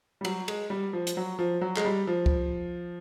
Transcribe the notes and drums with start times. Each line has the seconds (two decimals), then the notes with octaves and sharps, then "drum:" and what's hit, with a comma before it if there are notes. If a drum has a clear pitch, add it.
0.21 G3
0.25 F#3, drum: cymbal
0.48 G#3, drum: cymbal
0.70 G3
0.93 F3
1.07 drum: hi-hat
1.17 F#3
1.39 F3
1.61 F#3
1.76 G#3, drum: clap
1.85 G3
2.07 F3
2.26 drum: kick